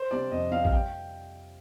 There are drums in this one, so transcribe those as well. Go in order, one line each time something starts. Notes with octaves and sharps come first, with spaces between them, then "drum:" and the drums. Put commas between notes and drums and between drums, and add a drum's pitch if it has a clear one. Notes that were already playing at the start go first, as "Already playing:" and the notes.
Already playing: C5
C3 G3 D4 D5
F2 D#5
C3 G3 D4 F5
F5, drum: kick
G5